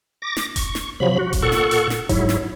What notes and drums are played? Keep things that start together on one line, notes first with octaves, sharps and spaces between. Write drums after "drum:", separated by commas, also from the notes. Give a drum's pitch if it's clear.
D6 A#6
drum: snare
C#6, drum: kick E1, hi-hat
drum: snare
C3 F3 F#3 B5
F#4
drum: kick E1, hi-hat
A#2 A4 F#5 C#6
drum: snare
drum: hi-hat
drum: snare
G#2 F#3 E4, drum: kick E1, hi-hat
drum: snare